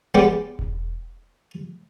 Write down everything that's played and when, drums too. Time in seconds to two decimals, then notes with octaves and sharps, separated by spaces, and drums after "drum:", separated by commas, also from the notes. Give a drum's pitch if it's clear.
0.15 G3 G#3 B3 G4
0.59 drum: kick E1